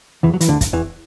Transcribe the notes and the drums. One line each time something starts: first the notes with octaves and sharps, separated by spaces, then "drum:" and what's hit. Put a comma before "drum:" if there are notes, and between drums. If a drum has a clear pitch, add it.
E2 E3
F#3
E3, drum: hi-hat
D2 D3
drum: kick, hi-hat
E2 E3